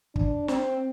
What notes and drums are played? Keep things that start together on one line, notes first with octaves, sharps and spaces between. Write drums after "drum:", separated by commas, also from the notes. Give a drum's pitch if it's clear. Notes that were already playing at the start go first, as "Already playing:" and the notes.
D4, drum: kick
C4, drum: snare